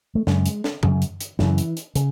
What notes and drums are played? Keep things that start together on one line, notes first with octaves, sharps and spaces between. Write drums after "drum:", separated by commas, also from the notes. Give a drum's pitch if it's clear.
A3
F#2 C#3 G#3, drum: snare
drum: hi-hat
drum: snare
F#2 C#3, drum: tom F#2
drum: hi-hat
drum: hi-hat
F#2 C#3 E3, drum: snare
drum: hi-hat
drum: hi-hat
C#3, drum: hi-hat